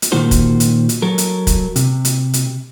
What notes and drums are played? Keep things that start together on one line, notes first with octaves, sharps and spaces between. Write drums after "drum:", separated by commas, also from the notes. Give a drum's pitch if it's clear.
drum: hi-hat
A#2 D#3 A#3 F4 F#4 C5
drum: kick, hi-hat
drum: hi-hat
drum: hi-hat
F#3 A4 A#4
drum: hi-hat
drum: kick, hi-hat
C3, drum: hi-hat
drum: hi-hat
drum: hi-hat